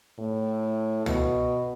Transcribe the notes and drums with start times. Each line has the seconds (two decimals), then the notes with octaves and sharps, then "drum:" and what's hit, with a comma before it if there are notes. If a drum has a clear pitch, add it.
0.19 A2
1.06 B2, drum: tom